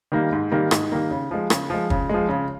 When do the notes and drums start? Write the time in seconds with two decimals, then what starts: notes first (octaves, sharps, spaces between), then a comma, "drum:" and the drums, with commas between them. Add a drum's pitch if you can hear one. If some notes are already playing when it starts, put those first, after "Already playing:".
0.12 D#3 G3 A#3
0.32 G#2
0.51 D#3 G3 A#3
0.71 G#2, drum: rim click
0.92 D#3 G3 A#3
1.11 C#3
1.31 F3 G#3
1.50 C#3, drum: rim click
1.70 F3 G#3
1.90 C#3, drum: kick
2.09 F3 G#3
2.29 C#3